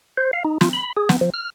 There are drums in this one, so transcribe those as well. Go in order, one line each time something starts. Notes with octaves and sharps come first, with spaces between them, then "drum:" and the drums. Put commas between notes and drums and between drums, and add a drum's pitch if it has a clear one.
C5
F5
D#4
F4, drum: snare
B5
G#4
B3, drum: snare
F3
F6